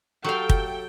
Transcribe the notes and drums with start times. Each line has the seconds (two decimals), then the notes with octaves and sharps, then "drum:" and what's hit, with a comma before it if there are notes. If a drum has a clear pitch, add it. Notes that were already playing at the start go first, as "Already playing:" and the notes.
0.24 F#3 G4 A4 F5 G5
0.49 drum: kick